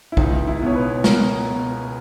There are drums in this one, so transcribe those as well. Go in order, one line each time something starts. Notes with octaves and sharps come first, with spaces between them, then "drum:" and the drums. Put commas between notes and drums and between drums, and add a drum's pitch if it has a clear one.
E4
C#2 D#4, drum: kick B1
E4
B2 C#5
B4
B2 A#4, drum: snare
B2